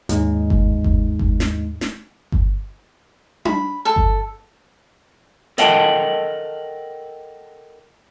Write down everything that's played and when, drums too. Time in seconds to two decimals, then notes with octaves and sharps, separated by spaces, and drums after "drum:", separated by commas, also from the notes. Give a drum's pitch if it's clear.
0.09 D#2 G#2 G#3 D#4, drum: hi-hat
0.50 drum: kick G1
0.84 drum: kick G1
1.19 drum: kick G1
1.40 drum: snare
1.81 drum: snare
2.32 drum: kick G1
3.45 B5, drum: tom D4
3.85 A4
3.96 drum: kick G1
5.58 A4 A#4 D#5 F#5 G5 A5, drum: hi-hat